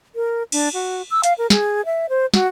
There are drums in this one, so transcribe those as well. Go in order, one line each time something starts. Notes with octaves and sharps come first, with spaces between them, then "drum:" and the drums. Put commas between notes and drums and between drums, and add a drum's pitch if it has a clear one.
A#4
D4, drum: cymbal
F#4
E6
F5, drum: hi-hat
A#4
G#4, drum: snare
E5
C5
F#4, drum: snare